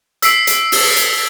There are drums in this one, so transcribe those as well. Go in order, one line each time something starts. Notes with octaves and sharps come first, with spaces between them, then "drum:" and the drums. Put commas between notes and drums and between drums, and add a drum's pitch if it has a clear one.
E6 B6 C7 D7 F#7, drum: hi-hat
drum: hi-hat
drum: open hi-hat
drum: hi-hat